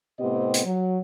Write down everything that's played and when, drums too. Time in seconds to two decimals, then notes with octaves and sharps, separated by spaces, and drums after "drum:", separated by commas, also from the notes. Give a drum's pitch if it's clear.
0.19 A2 C3 B3 C4 G4 D#5
0.54 drum: hi-hat
0.64 F#3